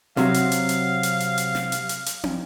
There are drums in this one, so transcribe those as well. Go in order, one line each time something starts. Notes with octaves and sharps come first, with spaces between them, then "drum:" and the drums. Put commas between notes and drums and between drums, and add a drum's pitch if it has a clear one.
C3 F#3 F5, drum: snare
drum: hi-hat
drum: hi-hat
drum: hi-hat
drum: hi-hat
drum: hi-hat
drum: hi-hat
drum: snare
drum: hi-hat
drum: hi-hat
drum: hi-hat
drum: tom